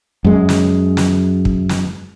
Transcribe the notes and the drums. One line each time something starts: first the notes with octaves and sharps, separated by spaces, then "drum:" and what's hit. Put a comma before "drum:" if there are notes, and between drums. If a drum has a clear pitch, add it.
F#2 G#3
drum: snare
drum: snare
drum: kick
drum: snare